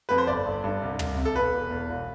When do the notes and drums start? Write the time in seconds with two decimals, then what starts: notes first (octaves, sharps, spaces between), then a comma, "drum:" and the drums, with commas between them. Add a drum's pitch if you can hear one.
0.09 F2 B4
0.18 C5
0.27 G1 D5
0.46 G1
0.64 G2
0.82 C2
0.99 C2, drum: tom
1.17 C3
1.25 A4
1.35 E1 B4
1.53 E1
1.70 E2
1.89 E1